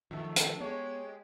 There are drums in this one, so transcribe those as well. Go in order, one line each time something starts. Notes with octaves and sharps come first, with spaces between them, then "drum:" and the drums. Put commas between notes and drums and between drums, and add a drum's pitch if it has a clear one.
F2 D#3 F3 F#3 A3
drum: hi-hat
G#3 B3 G4 C#5